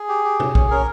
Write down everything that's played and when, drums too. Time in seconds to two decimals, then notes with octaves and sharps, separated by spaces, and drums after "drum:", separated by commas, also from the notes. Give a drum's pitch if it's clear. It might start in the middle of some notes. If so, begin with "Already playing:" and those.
Already playing: G#4
0.09 G4
0.24 G4
0.40 C#4, drum: tom
0.55 C#4, drum: kick
0.71 C#4 A#4